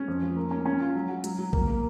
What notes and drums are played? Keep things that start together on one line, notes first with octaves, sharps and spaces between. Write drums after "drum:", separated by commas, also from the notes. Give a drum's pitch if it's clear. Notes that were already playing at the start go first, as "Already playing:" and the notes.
Already playing: C#4
F2
F3
A#3
C#4
C#4
F4
F#3
F#4
F#3, drum: hi-hat
F#3
A#3, drum: kick
A#3